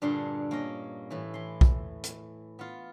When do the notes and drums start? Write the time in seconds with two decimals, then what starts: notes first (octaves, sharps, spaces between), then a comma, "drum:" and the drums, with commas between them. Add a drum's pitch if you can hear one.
0.02 G2 A#2 D3 D4 G#4 C6
0.51 A#3 C#4 D#5
1.11 A2 E3
1.34 E3 C6
1.61 drum: kick B1
2.04 drum: hi-hat
2.59 B3 F4